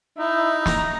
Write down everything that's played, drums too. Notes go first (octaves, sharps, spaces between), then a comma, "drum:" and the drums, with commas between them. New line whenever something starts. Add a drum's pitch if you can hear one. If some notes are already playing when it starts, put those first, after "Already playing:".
D#4 E4
A#5, drum: snare